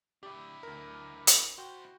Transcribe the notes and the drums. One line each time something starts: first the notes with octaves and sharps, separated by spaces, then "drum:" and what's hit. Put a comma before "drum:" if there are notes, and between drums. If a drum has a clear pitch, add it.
D4 E4 G4
D2 A#4
drum: hi-hat
E4 F#4 C5 G5